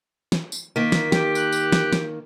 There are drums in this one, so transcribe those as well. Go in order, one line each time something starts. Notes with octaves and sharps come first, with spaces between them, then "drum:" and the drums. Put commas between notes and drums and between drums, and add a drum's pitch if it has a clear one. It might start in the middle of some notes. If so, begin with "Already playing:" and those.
drum: snare
drum: tambourine
D#3 A#3 B6
drum: snare
G4, drum: snare
F#6, drum: tambourine
drum: tambourine
drum: snare
drum: snare